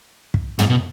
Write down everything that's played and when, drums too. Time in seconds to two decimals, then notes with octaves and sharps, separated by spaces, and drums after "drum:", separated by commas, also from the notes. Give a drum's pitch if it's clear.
0.34 drum: kick
0.59 G#2, drum: tom
0.70 B2